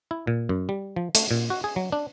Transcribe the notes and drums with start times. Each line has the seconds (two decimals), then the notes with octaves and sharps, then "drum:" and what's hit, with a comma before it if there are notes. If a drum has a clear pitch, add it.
0.11 E4
0.27 A#2
0.49 F#2
0.69 G3
0.96 F3
1.15 A3, drum: hi-hat
1.31 A#2
1.50 F#4
1.64 G#4
1.76 F#3
1.92 D4